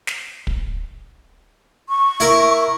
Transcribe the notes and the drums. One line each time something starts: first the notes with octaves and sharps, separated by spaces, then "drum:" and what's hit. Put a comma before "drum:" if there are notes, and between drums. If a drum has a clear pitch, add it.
drum: snare
drum: kick
C#6
E4 A#4, drum: hi-hat